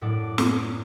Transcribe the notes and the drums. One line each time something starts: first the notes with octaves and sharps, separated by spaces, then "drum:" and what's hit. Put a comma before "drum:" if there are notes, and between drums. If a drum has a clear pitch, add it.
F#2 A2 D4 F#5 D6 D7
drum: snare